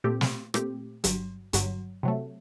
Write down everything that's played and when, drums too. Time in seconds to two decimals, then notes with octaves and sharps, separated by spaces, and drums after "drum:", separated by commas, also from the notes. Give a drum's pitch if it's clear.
0.04 A#2 A3 C4 G4
0.21 drum: snare
0.54 A#2 A3 C4 G4, drum: rim click
1.04 G1 G2 F#3, drum: hi-hat
1.53 G1 G2 F#3, drum: hi-hat
2.03 C3 F#3 A3